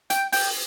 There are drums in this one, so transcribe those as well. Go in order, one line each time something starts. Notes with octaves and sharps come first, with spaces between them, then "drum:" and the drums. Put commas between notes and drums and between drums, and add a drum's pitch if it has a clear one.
G5, drum: hi-hat
G5, drum: open hi-hat